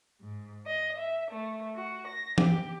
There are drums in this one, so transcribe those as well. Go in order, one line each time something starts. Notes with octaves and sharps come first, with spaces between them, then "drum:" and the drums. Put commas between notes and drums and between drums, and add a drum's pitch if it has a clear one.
G#2
D#5
E5
A3
F#4
A#6
G4, drum: tom E3